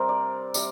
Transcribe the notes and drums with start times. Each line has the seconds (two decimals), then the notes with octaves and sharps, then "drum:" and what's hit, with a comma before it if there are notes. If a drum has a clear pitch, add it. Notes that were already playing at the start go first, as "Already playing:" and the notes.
Already playing: C3 G3 C4 A#4
0.09 D5
0.54 C3 G3 D5, drum: tambourine